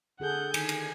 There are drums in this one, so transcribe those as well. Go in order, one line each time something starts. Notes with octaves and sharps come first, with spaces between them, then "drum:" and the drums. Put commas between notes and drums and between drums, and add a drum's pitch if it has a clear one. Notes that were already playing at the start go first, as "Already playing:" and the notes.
D3 G#4 A4 F#5 G6
D#3 G#5, drum: cymbal
drum: cymbal